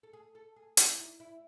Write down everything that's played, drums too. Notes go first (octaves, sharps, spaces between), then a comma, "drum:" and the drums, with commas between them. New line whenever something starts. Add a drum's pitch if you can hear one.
A4
G#4
A4
G#4
E4, drum: hi-hat
D#4
E4